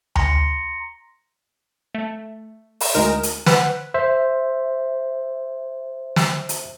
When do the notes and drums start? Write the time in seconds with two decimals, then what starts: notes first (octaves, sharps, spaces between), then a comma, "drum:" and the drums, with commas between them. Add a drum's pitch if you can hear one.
0.15 A#5 C6 A#6 C#7, drum: tom D2
1.95 A3
2.80 drum: open hi-hat
2.94 D2 G#3 D#4 A#4 A#5
3.23 drum: hi-hat
3.46 B4 C5 F#5 B5 F#6, drum: snare
3.94 C5 E5
6.16 drum: snare
6.49 drum: hi-hat